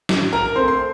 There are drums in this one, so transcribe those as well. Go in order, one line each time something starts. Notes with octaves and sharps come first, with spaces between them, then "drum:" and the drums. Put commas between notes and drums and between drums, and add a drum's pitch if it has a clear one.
A2, drum: snare
A#4 A#5
A3 C4 C5 C6
C6